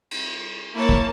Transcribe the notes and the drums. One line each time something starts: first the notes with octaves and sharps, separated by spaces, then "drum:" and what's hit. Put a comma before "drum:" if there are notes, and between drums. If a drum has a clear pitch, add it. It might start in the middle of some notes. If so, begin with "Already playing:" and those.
drum: cymbal
A#3 E4 C#5 A5
drum: kick